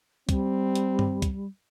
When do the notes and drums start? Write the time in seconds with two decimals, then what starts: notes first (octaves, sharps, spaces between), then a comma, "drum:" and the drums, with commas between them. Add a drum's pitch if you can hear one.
0.29 G3 C4, drum: kick, hi-hat
0.75 drum: hi-hat
0.99 drum: tom G2
1.22 drum: kick, hi-hat